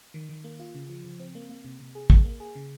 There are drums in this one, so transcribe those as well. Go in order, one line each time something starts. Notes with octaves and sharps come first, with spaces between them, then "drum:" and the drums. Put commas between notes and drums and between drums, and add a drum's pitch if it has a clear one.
D#3
D#3
A#3
F4
C#3
F3
C#3
C4
A#3
A#3
C3
C3
G#4
A#3, drum: kick
A#3
G#4
C#3